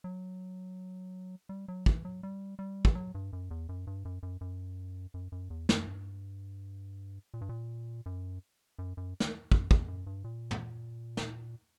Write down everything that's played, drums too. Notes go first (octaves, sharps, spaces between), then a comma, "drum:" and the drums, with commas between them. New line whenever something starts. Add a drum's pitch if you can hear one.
F#3
G3
F#3
E3, drum: kick
F#3
G3
G3
E3, drum: kick
F#3
G2
F#2
E2
F#2
G2
F#2
F#2
F#2
F#2
F#2
E2
F#2, drum: snare
G2
A#2
G2
A#2
F#2
F#2
F#2
drum: snare
F#2, drum: kick
E2, drum: kick
F#2
G2
A#2
drum: tom
drum: snare